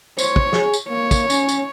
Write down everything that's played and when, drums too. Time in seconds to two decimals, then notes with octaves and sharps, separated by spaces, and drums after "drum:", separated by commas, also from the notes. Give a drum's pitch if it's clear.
0.19 C5 C#5, drum: tambourine
0.36 drum: kick
0.53 G#4, drum: snare
0.74 drum: tambourine
0.89 A#3 C#5
1.11 drum: kick, tambourine
1.30 C#4, drum: tambourine
1.49 drum: tambourine